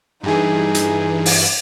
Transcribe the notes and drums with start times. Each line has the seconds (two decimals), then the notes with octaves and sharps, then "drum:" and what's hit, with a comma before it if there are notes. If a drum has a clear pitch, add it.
0.23 G2 E3 D#4 G#4
0.75 drum: hi-hat
1.26 drum: open hi-hat